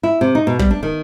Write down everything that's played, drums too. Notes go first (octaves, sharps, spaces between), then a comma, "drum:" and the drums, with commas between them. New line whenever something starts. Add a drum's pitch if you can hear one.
E4
C3
D#4
B2
G3, drum: kick
D4
D#3